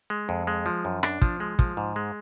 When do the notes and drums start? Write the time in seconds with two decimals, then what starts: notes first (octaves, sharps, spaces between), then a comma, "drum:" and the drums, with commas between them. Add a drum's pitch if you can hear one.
0.10 G#3
0.29 F2
0.47 G#3
0.66 F3
0.85 F#2
1.03 D4, drum: rim click
1.22 F3, drum: kick
1.40 G#3
1.59 F3, drum: kick
1.77 G#2
1.96 G#3